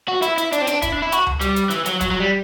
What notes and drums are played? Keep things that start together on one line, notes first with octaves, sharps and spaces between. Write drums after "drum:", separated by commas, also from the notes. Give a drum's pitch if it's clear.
F#4
E4, drum: hi-hat
E4, drum: hi-hat
D4, drum: hi-hat
C4
D4, drum: hi-hat
E4, drum: kick, hi-hat
D4
E4
F#4, drum: hi-hat
drum: tom C#2
G3, drum: hi-hat
drum: hi-hat
E3, drum: hi-hat
F#3, drum: hi-hat
F#3, drum: kick, hi-hat
F#3
G3